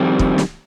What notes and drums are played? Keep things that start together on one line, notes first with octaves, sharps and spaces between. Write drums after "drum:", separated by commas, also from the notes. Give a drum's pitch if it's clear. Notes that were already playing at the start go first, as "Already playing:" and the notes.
Already playing: F2 D#3 G3 C4
drum: kick
drum: snare